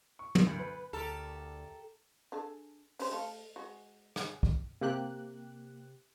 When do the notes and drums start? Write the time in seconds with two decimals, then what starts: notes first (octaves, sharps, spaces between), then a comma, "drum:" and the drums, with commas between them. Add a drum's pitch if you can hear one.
0.19 C#6
0.35 A#3, drum: tom
0.47 D2
0.59 B4
0.93 D2 G4 A4 A#4
2.32 D4 G#4 A4
2.99 C#4 G4 C5, drum: open hi-hat
3.12 A3 A4 F5
3.56 G#3 F#4
4.16 G#4 F#5, drum: rim click
4.43 drum: kick
4.81 C3 A#3 G4 F#6